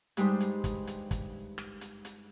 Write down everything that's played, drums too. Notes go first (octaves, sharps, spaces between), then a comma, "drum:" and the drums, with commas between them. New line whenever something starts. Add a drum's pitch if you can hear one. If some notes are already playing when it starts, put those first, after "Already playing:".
G2 G3 G#3 D#4 C5 C6, drum: hi-hat
drum: hi-hat
drum: kick, hi-hat
drum: hi-hat
drum: kick, hi-hat
drum: rim click
drum: hi-hat
drum: hi-hat